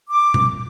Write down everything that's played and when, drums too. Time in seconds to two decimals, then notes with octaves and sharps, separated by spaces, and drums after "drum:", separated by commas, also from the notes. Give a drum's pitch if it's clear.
0.09 D6
0.34 drum: tom B2